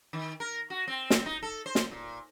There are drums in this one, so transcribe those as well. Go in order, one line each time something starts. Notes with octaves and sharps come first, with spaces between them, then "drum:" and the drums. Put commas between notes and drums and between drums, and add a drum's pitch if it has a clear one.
D#3
A#4
F#4
C4
drum: snare
D#4
A4
C5
drum: snare
A#2